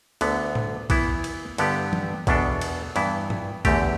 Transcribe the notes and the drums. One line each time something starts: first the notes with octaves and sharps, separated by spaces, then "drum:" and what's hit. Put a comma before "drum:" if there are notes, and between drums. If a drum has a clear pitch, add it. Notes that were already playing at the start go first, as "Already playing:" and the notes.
D2 D3 B3, drum: cymbal
drum: tom A2
E3 B3 E4, drum: kick B1, cymbal
drum: cymbal
G2 D3 B3 G4, drum: cymbal
drum: tom E3
E2 B2 B3 D4 A4, drum: kick B1, cymbal
drum: cymbal
G2 E3 B3 E4, drum: cymbal
drum: tom G#2
E2 D3 A3 G4, drum: kick B1, cymbal